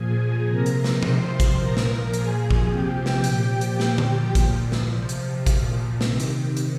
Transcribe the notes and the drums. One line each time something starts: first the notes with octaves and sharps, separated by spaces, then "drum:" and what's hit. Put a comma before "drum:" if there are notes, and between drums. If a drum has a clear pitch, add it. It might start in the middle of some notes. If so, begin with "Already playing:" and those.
Already playing: A#2 F3 G#4 G#5
C3 F3 A#4 A#5
drum: hi-hat
drum: snare
C3 F3 C5 C6, drum: tom B2
drum: kick G#1, hi-hat
A#2 F3 A#4 A#5
drum: snare
A#2 F3 G#4 G#5, drum: hi-hat
drum: kick G#1
C3 F3 G4 G5
drum: snare
A#2 F3 G4 G5, drum: hi-hat
drum: hi-hat
A#2 F3, drum: snare
drum: tom D3
A#2 F3, drum: kick G#1, hi-hat
drum: snare
C3 F3
drum: hi-hat
A#2 F3, drum: kick G#1, hi-hat
C3 D#3, drum: snare
drum: hi-hat
drum: hi-hat